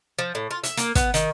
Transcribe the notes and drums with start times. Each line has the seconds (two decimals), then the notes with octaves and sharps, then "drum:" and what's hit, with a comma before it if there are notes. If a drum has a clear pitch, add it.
0.18 F3
0.35 A2
0.51 F4
0.64 E5, drum: hi-hat
0.77 A#3, drum: hi-hat
0.95 B3, drum: kick, hi-hat
1.14 D#3, drum: hi-hat